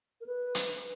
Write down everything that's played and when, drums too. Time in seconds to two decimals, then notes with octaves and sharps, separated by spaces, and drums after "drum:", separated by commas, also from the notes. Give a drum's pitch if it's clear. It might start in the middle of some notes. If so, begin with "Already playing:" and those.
0.21 A#4
0.26 B4
0.55 drum: hi-hat